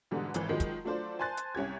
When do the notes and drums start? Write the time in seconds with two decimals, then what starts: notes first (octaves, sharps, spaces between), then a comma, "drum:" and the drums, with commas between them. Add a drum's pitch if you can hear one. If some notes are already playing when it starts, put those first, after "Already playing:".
0.11 G#2 B2 D3 E3 G3
0.34 G#1 E3, drum: hi-hat
0.49 D#3 F3 F#3 G#3
0.60 drum: kick, hi-hat
0.85 F#3 A3 D4 F4 C5 D5
1.19 C5 G#5 A5 C6 F#6 A6
1.37 drum: hi-hat
1.55 C2 C#4 G4 G#6